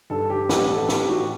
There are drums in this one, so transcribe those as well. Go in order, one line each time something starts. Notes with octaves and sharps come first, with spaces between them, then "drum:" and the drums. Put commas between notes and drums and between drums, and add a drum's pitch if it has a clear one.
G2 A4
G4
A1 G4, drum: snare
A4
A1 G4, drum: snare
F#4